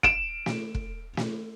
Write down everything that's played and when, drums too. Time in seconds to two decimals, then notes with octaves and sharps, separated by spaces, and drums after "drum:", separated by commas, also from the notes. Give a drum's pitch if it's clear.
0.03 D7 E7, drum: kick
0.46 drum: snare
0.75 drum: kick
1.17 drum: snare